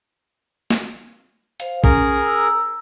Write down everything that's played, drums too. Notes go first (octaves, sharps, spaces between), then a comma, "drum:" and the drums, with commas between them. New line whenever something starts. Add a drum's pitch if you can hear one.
drum: snare
C5 F5, drum: hi-hat
C#4 G#4 A#4, drum: kick A#1
A#5 E6